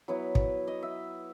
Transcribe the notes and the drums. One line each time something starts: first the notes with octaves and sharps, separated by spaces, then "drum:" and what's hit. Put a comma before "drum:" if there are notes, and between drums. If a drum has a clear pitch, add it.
F#3 B3 E4 B4
drum: kick
D#5
E5